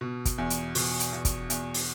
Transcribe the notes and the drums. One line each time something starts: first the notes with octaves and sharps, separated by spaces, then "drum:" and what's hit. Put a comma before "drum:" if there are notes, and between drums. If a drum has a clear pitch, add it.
B2
drum: kick, hi-hat
E2
drum: hi-hat
B2, drum: open hi-hat
drum: hi-hat
E2
drum: kick, hi-hat
E2, drum: hi-hat
drum: open hi-hat